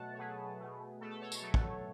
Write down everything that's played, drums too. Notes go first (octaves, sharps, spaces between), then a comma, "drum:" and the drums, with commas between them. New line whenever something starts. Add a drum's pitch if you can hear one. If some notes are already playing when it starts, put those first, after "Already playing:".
Already playing: B2 F#3 A3 F#5 A5
C#5
B2 F#3 A3 G#4 B4
B2 A3
B2 A3 A4
A4
A4 C#5
A4 C#5, drum: tambourine
B2 F#3 A3
drum: kick